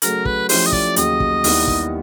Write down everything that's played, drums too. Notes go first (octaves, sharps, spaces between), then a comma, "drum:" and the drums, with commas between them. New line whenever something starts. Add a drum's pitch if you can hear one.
C#3 F#3 A3 A#4, drum: hi-hat
B4, drum: kick
F3 A3 C#4 E4 G4 C5, drum: open hi-hat
D#5
D5, drum: kick
D#2 C#3 F#3 D#5, drum: hi-hat
drum: kick
D#2 D#3 G3 B3 E4, drum: open hi-hat
drum: kick